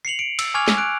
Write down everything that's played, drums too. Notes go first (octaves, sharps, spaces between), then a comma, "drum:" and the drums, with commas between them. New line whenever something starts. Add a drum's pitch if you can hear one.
C7 C#7 F7 F#7
C#7 D7
E6, drum: cymbal
G#5 C#6 D6 F6 G#6 F7
drum: snare
F#6 D7